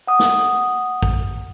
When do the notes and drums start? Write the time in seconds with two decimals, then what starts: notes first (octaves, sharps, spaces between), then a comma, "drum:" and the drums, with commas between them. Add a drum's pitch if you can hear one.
0.07 F#5 D#6
0.19 drum: snare
1.02 drum: kick